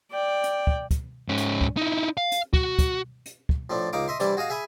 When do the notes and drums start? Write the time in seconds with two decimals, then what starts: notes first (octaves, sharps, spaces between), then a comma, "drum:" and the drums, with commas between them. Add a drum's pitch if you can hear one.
0.11 D5 G5
0.44 drum: hi-hat
0.67 drum: kick
0.91 drum: kick, hi-hat
1.29 G#2 C#4
1.38 drum: hi-hat
1.61 drum: kick
1.77 D#4 E4
2.17 F5
2.32 drum: hi-hat
2.53 F#4, drum: kick
2.79 drum: kick, hi-hat
3.26 drum: hi-hat
3.49 drum: kick
3.70 A2 F3 A3 D4
3.93 C#2 D#4 F5 D6
4.08 D#5 E5 C6
4.20 C3 E3 G3 D4 E4, drum: hi-hat
4.37 F#4 G#4 D#5 F5
4.50 G#4 E5 G#5 B5